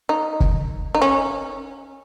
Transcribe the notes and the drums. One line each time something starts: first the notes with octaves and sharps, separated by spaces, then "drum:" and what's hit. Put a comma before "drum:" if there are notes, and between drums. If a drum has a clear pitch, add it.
D#4
drum: kick
D#4
C#4